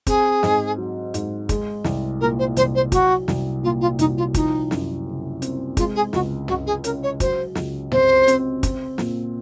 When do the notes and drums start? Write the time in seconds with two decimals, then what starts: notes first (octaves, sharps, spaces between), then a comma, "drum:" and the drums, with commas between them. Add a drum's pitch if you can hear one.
0.07 C4 G#4, drum: kick, hi-hat
0.43 G#2, drum: snare
0.77 F#3
1.14 G#2, drum: hi-hat
1.49 G#3, drum: kick, hi-hat
1.84 C2, drum: snare
2.20 A#2 A#4
2.38 C5
2.56 C2 C5, drum: hi-hat
2.75 C5
2.92 F#3 F#4, drum: kick, hi-hat
3.28 C2, drum: snare
3.63 A#2 F4
3.81 F4
3.99 C2 D#4, drum: hi-hat
4.17 F4
4.34 F3 D#4, drum: kick, hi-hat
4.71 F#2, drum: snare
5.06 C#3
5.42 C4, drum: hi-hat
5.77 G#3 F4, drum: kick, hi-hat
5.95 G#4
6.13 C#2 F#4, drum: snare
6.48 C#3 F#4, drum: tom
6.66 G#4
6.84 C#4 A#4, drum: hi-hat
7.03 C#5
7.20 F#3 C5, drum: kick, hi-hat
7.55 C#2, drum: snare
7.92 C3 C5, drum: tom
8.28 C4, drum: hi-hat
8.63 C4, drum: kick, hi-hat
8.98 A#2, drum: snare